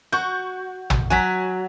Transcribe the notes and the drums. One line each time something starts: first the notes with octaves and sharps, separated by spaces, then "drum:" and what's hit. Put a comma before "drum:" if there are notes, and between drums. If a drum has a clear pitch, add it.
F#4 C#6 G6
drum: tom
F#3 F#4 G#5 B6